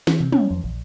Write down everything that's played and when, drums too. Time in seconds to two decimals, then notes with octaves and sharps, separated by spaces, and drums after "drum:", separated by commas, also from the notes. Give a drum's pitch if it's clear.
0.07 E3, drum: snare
0.21 C3
0.32 C#4, drum: tom
0.51 F2
0.64 A#1